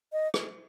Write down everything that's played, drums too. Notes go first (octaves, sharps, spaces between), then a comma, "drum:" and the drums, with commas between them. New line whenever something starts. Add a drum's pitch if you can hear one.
D#5
drum: rim click